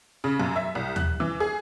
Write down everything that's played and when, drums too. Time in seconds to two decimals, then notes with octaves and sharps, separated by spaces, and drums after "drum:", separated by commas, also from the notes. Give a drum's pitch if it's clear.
0.24 C#3
0.40 F#2
0.56 E5
0.75 C2
0.96 F#6, drum: tom D#2
1.20 E3
1.40 G#4